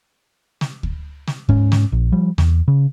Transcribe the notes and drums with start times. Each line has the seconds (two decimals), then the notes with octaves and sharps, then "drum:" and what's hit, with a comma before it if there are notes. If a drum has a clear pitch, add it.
0.61 drum: snare
0.83 drum: kick D2
1.27 drum: snare
1.49 G#2 C#4, drum: kick D2
1.72 drum: snare
1.92 A#1
2.12 F3 G3
2.38 E2, drum: snare
2.68 C#3